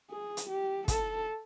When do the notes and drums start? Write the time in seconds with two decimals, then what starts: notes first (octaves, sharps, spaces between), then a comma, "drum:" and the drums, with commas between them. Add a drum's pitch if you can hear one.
0.11 G#4
0.37 drum: hi-hat
0.49 G4
0.88 A4, drum: kick, hi-hat